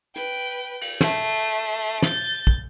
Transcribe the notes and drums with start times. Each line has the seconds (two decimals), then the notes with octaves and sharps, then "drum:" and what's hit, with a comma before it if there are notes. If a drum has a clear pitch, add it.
0.16 B4 G5, drum: hi-hat
0.81 drum: cymbal
1.01 A3 C7, drum: snare
2.02 G6 A6, drum: snare
2.47 drum: kick